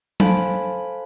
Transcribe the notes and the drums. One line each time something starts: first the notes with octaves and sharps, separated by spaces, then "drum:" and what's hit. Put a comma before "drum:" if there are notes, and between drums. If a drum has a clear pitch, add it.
A4 C5 F5 G#5 A5 B5, drum: tom F#3